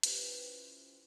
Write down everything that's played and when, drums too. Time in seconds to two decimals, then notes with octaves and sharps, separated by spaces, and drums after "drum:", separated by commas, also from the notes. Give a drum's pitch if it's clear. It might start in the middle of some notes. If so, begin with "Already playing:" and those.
0.03 C#4 E4 F4 G4 B4 C5, drum: hi-hat